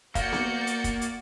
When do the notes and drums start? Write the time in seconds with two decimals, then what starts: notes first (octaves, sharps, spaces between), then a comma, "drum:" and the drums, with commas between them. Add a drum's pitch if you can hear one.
0.15 A#3 F#4 D5 F5 G6 C#7, drum: kick, hi-hat
0.33 drum: snare B3
0.67 drum: hi-hat
0.84 drum: kick, hi-hat
1.01 drum: hi-hat